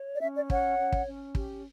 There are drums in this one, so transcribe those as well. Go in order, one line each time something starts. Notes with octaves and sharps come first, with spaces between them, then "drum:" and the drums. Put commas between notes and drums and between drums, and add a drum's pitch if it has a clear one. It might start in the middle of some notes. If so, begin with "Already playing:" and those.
Already playing: C#5
D5
C#4 E5
D5
C#5 F#5, drum: kick
C#4
drum: kick
C#4
G4, drum: kick